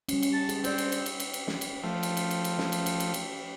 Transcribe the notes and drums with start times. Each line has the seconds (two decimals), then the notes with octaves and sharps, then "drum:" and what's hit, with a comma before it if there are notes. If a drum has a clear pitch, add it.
0.09 G3 C#4, drum: cymbal
0.23 drum: cymbal
0.33 A5
0.49 G#4, drum: cymbal
0.64 C4 C5 D5, drum: cymbal
0.78 drum: cymbal
0.92 drum: cymbal
1.06 drum: cymbal
1.20 drum: cymbal
1.33 drum: cymbal
1.47 drum: snare
1.61 drum: cymbal
1.83 F3 A3
2.03 drum: cymbal
2.17 drum: cymbal
2.31 drum: cymbal
2.44 drum: cymbal
2.58 drum: snare
2.72 drum: cymbal
2.86 drum: cymbal
3.00 drum: cymbal
3.14 drum: cymbal